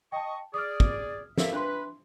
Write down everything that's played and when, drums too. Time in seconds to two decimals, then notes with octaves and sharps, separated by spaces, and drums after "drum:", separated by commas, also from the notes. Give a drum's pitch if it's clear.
0.12 D#5 G5 A5 C#6
0.54 G#4 D5 D#6 F6
0.80 drum: kick
1.38 A4 A#4 E5 F5, drum: snare
1.53 D4 B4 E5 C6